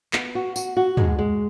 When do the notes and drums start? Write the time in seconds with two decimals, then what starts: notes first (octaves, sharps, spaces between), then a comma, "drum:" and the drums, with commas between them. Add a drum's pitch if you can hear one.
0.13 B3, drum: clap
0.35 F#4
0.56 F#4, drum: tambourine
0.77 F#4
0.97 G#3, drum: tom
1.19 G#3